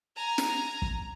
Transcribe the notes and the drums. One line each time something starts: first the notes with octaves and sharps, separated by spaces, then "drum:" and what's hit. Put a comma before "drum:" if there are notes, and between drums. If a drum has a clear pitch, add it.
G#5 A#5
drum: snare
drum: kick